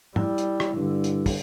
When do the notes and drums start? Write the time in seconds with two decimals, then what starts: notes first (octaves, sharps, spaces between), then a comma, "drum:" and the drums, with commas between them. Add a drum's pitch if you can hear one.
0.16 G3 E4, drum: tom G#2
0.38 drum: hi-hat
0.60 drum: rim click
0.77 G2 D3
1.04 drum: hi-hat
1.26 drum: kick, open hi-hat